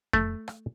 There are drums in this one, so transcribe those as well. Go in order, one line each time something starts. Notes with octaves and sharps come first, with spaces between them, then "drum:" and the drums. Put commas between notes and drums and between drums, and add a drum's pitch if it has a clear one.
A3, drum: kick F2
drum: rim click